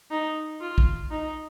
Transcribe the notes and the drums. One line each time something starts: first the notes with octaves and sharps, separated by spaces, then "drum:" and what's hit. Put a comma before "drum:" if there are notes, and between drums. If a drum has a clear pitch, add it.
D#4
F4
drum: kick
D#4